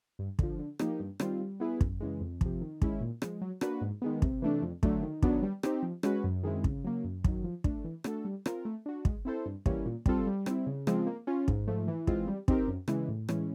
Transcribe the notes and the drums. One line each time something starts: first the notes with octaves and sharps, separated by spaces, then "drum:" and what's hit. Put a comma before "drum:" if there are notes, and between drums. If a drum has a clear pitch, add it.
G2
D3 F3, drum: kick
D3
F3 A#3 D#4 G4, drum: rim click
G2
D#3 G3 C4 F4, drum: rim click
G3
B3 E4 G#4 B4
F#2, drum: kick
C#3 E3 G#3
F2
C3 F3, drum: kick
D#3
G#3 C#4 E4, drum: kick
A#2
F3 G#3, drum: rim click
F#3
A#3 D4 F#4 B4, drum: rim click
G#2
D#3 G#3 B3
C3, drum: kick
E3 A3 D4
F2
D3 F#3 A3, drum: kick
D#3
F#3 B3 D4, drum: kick
G3
C4 D#4 G4, drum: rim click
F3
G#3 C#4 F#4 B4, drum: rim click
F#2
D#3 G#3 C4 E4
C#3, drum: kick
F#3 A#3
F#2
D#3 F#3, drum: kick
F3
A3 D4, drum: kick
E3
A3 D4 F#4 A4, drum: rim click
G3
C4 F4 A#4, drum: rim click
A3
D4 F#4
G#3, drum: kick
C4 E4 A4 C5
G2
E3 G3 A#3 C#4, drum: kick
A#2
G3 C4 F4 A4, drum: kick
G3
C4 E4, drum: rim click
C#3
F3 G#3 C4, drum: rim click
A#3
C#4 F4
G#2, drum: kick
F3 A3
E3
G#3 C4 F4, drum: kick
G3
C4 D#4 G4 A#4, drum: kick
F#2
C#3 E3 G#3, drum: rim click
A2
E3 G#3 C#4, drum: rim click